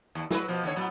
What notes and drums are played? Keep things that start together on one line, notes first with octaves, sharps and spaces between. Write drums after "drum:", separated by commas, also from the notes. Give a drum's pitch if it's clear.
D#2
F#3 B4, drum: snare
B2 F3
D#2 D3 C#5
A2 F#3 B3